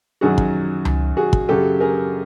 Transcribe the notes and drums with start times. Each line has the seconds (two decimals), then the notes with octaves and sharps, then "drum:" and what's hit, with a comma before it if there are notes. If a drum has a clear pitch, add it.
0.21 F#2 D#3 F#3 F#4 G#4
0.38 drum: kick
0.85 drum: tom C#2
1.17 F#4 G#4
1.33 drum: kick
1.49 F#2 C#3 F#3 G4 A4
1.80 G#4 A#4